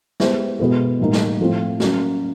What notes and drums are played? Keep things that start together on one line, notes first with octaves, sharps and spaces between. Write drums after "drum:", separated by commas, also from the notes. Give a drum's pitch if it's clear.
G#3 B3 E4 G4 C5, drum: snare
B2 G#3 B3 E4 A4
A2 E3 G3 A#3 D#4
drum: snare
A2 F3 A3 C4 F4
F#3 A#3 C#4, drum: snare